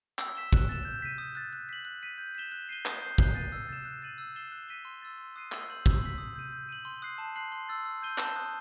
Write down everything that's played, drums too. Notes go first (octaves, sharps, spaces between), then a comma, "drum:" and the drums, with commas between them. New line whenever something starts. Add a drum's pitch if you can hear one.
E6, drum: clap
B6 E7 G7
F#6, drum: kick
A6 E7
G6
B6 D#7
D#6
F#6 A6
F#6
B6 F#7
F#6
B6 D#7
G6
B6 E7 G7
F#6
C7 D#7 G7
D#6, drum: clap
G6 C7
F#6, drum: kick
A6 C7 D#7
E6
A6 E7
F#6
A6 D#7 F#7
E6
A6 C7 E7 G7
F#6
B6 D#7 G7
C6
E6 A6
C6
D#6 F#6 C7 D#7
E6, drum: clap
G6 D#7 F#7
E6, drum: kick
B6 F#7
D#6
G6 D#7
G6
D#7 F#7
C6
D#6 F#6 C7
A5
C6 F#6 C7 F#7
C6
E6 A6
E6
G6 D#7 G7
A5, drum: clap
D#6 F#6